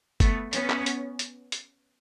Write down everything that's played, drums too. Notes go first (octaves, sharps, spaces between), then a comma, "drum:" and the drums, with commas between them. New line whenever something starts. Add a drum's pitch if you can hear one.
A3 B3, drum: kick, hi-hat
B3 C#4, drum: hi-hat
drum: clap
drum: hi-hat
drum: hi-hat
drum: hi-hat